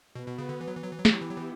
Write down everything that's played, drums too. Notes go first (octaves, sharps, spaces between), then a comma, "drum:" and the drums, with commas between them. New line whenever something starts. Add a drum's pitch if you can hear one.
B2 B3 F#4 B4
B2
C#3
D3
E3
F#3
E3
F#3
E3
F#3
E3 B3 E4 G4, drum: snare
F#3
E3
F#3
E3